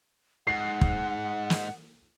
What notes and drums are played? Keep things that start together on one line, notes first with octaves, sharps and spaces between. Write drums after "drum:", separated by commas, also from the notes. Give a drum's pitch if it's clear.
G#2 F#5 C7
drum: kick
drum: snare